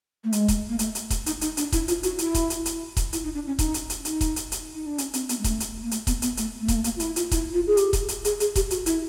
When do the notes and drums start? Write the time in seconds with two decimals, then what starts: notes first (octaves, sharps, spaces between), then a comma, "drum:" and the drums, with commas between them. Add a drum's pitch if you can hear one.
0.24 A3
0.32 G#3, drum: hi-hat
0.48 drum: kick E1, hi-hat
0.69 A#3
0.79 A3, drum: hi-hat
0.95 drum: hi-hat
1.10 drum: kick E1, hi-hat
1.26 D#4, drum: hi-hat
1.41 D#4, drum: hi-hat
1.57 D4, drum: hi-hat
1.72 E4, drum: kick E1, hi-hat
1.88 F4, drum: hi-hat
2.03 F#4, drum: hi-hat
2.18 E4, drum: hi-hat
2.34 drum: kick E1, hi-hat
2.50 drum: hi-hat
2.65 drum: hi-hat
2.97 drum: kick E1, hi-hat
3.13 E4, drum: hi-hat
3.24 D#4
3.35 D4
3.47 C#4
3.59 D#4, drum: kick E1, hi-hat
3.74 drum: hi-hat
3.90 drum: hi-hat
4.05 D#4, drum: hi-hat
4.21 drum: kick E1, hi-hat
4.36 drum: hi-hat
4.52 drum: hi-hat
4.74 D#4
4.87 D4
4.98 C#4, drum: hi-hat
5.13 C4, drum: hi-hat
5.29 B3, drum: hi-hat
5.39 G#3
5.44 A3, drum: kick E1, hi-hat
5.60 drum: hi-hat
5.82 A#3
5.91 A3, drum: hi-hat
6.07 B3, drum: kick E1, hi-hat
6.22 B3, drum: hi-hat
6.37 A3, drum: hi-hat
6.61 A3
6.68 A#3, drum: kick E1, hi-hat
6.76 A3
6.84 A#3, drum: hi-hat
6.96 F4
7.00 E4, drum: hi-hat
7.16 F4, drum: hi-hat
7.31 E4, drum: kick E1, hi-hat
7.54 F4
7.67 G#4
7.77 G4, drum: hi-hat
7.93 drum: kick E1, hi-hat
8.08 drum: hi-hat
8.25 G#4, drum: hi-hat
8.40 G#4, drum: hi-hat
8.55 G4, drum: kick E1, hi-hat
8.71 F#4, drum: hi-hat
8.86 E4, drum: hi-hat